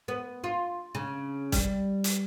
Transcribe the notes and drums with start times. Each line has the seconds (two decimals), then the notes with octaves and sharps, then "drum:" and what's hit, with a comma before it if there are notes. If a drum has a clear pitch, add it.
0.08 B3
0.44 F4
0.95 C#3
1.52 G3, drum: kick, hi-hat
2.04 drum: hi-hat